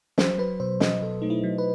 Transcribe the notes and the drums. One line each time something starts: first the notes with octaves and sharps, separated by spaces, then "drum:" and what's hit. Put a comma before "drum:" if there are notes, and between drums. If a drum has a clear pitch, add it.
F#3 C5, drum: snare
F#3 B4
B2 C5
F#3 D#5, drum: snare
B2 A4
A3 D#4
E4
F#3
B4